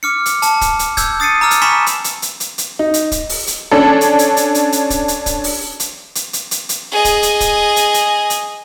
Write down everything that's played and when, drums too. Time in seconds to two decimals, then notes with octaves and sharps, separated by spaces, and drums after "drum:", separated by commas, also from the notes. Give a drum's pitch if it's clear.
0.03 D6 F6 C#7
0.26 drum: hi-hat
0.42 A5, drum: hi-hat
0.61 drum: kick, hi-hat
0.79 drum: hi-hat
0.97 E6 G6 G#6, drum: kick, hi-hat
1.20 D#6 A6 C7 C#7 D#7
1.41 A#5 D6 E6 F6
1.51 drum: hi-hat
1.62 G#5 B5 C#6 B6 C#7 E7
1.86 drum: hi-hat
2.04 drum: hi-hat
2.22 drum: hi-hat
2.40 drum: hi-hat
2.58 drum: hi-hat
2.79 D#4
2.94 drum: hi-hat
3.12 drum: kick, hi-hat
3.29 drum: open hi-hat
3.47 drum: hi-hat
3.71 C#4 D4 A4
4.01 drum: hi-hat
4.19 drum: hi-hat
4.37 drum: hi-hat
4.54 drum: hi-hat
4.72 drum: hi-hat
4.90 drum: kick, hi-hat
5.08 drum: hi-hat
5.26 drum: kick, hi-hat
5.44 drum: open hi-hat
5.80 drum: hi-hat
6.15 drum: hi-hat
6.33 drum: hi-hat
6.51 drum: hi-hat
6.69 drum: hi-hat
6.92 G#4 D#5
7.05 drum: kick, hi-hat
7.23 drum: hi-hat
7.40 drum: kick, hi-hat
7.76 drum: hi-hat
7.94 drum: hi-hat
8.30 drum: hi-hat